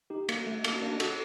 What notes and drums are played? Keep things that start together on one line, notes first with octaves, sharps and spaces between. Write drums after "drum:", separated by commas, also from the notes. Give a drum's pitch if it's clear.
D#4 G4
A#3, drum: cymbal
A3
A#3, drum: cymbal
A#3 D4
F#4 A4, drum: cymbal